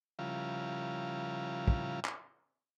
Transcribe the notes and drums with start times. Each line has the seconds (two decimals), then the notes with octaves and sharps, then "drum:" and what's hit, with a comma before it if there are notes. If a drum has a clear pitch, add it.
0.19 C#3 F3 G3 E4 F4 A#4
1.68 drum: kick
2.05 drum: clap